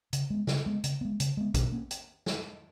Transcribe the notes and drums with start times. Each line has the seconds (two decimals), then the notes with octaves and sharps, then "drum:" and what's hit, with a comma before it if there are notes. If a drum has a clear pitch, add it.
0.13 C#3, drum: hi-hat
0.30 G#3 B3
0.47 C#3, drum: snare
0.66 G#3 B3
0.84 C#3, drum: hi-hat
1.01 G#3 B3
1.20 C#3, drum: hi-hat
1.37 G#3 B3
1.54 B2, drum: kick A#1, hi-hat
1.72 A#3 C#4
1.91 drum: hi-hat
2.26 drum: snare